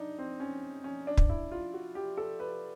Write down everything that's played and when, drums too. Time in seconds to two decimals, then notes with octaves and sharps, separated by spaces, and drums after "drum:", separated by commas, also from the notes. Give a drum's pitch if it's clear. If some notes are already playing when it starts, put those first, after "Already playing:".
Already playing: D4 D#4
0.19 C4
0.40 C#4
0.84 C#4
1.07 D4
1.18 drum: kick
1.29 E4
1.52 F4
1.74 F#4
1.95 G4
2.17 A4
2.40 B4